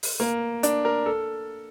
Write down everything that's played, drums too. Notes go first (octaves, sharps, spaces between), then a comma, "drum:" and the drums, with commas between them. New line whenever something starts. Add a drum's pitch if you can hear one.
drum: open hi-hat
A#3
D4, drum: hi-hat
A#4
A4